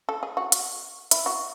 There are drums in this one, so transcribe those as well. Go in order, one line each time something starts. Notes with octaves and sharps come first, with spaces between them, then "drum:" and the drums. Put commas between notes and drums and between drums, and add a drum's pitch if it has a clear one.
A4
G#4
F#4
F#4, drum: hi-hat
E4, drum: hi-hat
F#4